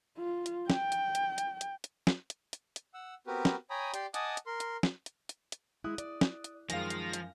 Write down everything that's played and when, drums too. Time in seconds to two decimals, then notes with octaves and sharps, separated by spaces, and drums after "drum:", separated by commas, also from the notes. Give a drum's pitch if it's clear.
0.17 F4
0.46 drum: hi-hat
0.70 G5, drum: snare
0.92 drum: hi-hat
1.15 drum: hi-hat
1.38 drum: hi-hat
1.61 drum: hi-hat
1.84 drum: hi-hat
2.07 drum: snare
2.30 drum: hi-hat
2.53 drum: hi-hat
2.76 drum: hi-hat
2.94 F#5 E6
3.27 B3 C4 F#4 G4 A#4 B4
3.45 drum: snare
3.70 C#5 G5 G#5 A#5 B5 D#6
3.94 G4 D5 G5 C6, drum: hi-hat
4.14 D#5 F#5 G#5 A5 D6 D#6, drum: hi-hat
4.37 drum: hi-hat
4.46 A#4 C6
4.60 drum: hi-hat
4.83 drum: snare
5.06 drum: hi-hat
5.29 drum: hi-hat
5.52 drum: hi-hat
5.84 G#3 E4 D#6 F#6
5.98 D5, drum: hi-hat
6.21 drum: snare
6.44 drum: hi-hat
6.70 F#2 D#3 F3 G#3 F5 G#5 A#6, drum: hi-hat
6.90 drum: hi-hat
7.13 drum: hi-hat